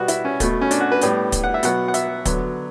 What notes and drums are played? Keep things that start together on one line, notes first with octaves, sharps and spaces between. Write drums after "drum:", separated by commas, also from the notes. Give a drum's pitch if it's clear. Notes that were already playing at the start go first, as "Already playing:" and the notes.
Already playing: B2 G3 B3 F#4
E4, drum: hi-hat
C#4
B2 A3, drum: kick, hi-hat
C#4
D4, drum: hi-hat
F#4
B4
A2 G3 B3, drum: hi-hat
drum: kick, hi-hat
F#5
E5
B2 F#3 B3 F#5, drum: hi-hat
F#5
E5, drum: hi-hat
D3 F#3 B3, drum: kick, hi-hat